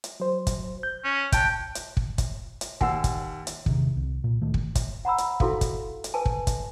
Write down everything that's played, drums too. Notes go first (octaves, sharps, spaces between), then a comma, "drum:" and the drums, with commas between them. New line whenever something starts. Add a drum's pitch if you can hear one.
drum: hi-hat
F#3 C5
drum: kick, hi-hat
G6
C#4
C2 G5 A5 F#6, drum: kick, hi-hat
drum: hi-hat
drum: kick
drum: kick, hi-hat
drum: hi-hat
D#2 F#5 G#5 E6, drum: kick
drum: kick, hi-hat
drum: hi-hat
E1 C3 D#3, drum: kick
C2
A#2
C#2 A2 D#3 A3
drum: kick
drum: kick, hi-hat
F#5 A#5 B5 E6
drum: hi-hat
E4 F#4 A4 F5, drum: kick
drum: kick, hi-hat
drum: hi-hat
B4 G#5 A5
drum: kick
drum: kick, hi-hat